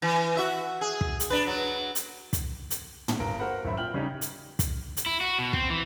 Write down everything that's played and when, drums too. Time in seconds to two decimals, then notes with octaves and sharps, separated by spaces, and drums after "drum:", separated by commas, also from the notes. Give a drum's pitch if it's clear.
0.02 E3
0.37 F#4 E5
0.81 G#4
1.01 drum: kick
1.20 drum: hi-hat
1.30 D4 B4
1.46 F#3
1.95 drum: hi-hat
2.33 drum: kick, hi-hat
2.70 drum: hi-hat
3.08 drum: tom
3.20 G1 A#4 A#5 D7
3.39 F#4 A#4 C5 F#5 B5
3.65 G#1 F#2 E5 B5
3.77 A#2 G5 F6 F#7
3.94 C#3 G3 C#4 D#4
4.21 drum: hi-hat
4.59 drum: kick, hi-hat
4.97 drum: hi-hat
5.06 E4
5.21 F#4
5.39 B2
5.53 C4, drum: kick
5.70 E3